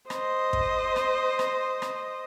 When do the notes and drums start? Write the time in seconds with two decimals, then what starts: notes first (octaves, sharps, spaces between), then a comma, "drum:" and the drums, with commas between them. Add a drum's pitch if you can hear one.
0.10 C5 D#5, drum: rim click
0.53 drum: kick
0.96 drum: rim click
1.39 drum: rim click
1.82 drum: rim click